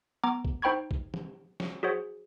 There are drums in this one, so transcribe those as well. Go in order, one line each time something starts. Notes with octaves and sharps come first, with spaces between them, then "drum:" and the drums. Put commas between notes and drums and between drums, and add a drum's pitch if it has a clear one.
B3 A#5 D6
drum: kick
D#4 C5 G5 B5 C#6 G#6
drum: kick
drum: tom
drum: snare
F#4 G#4 C5 C#5 F#5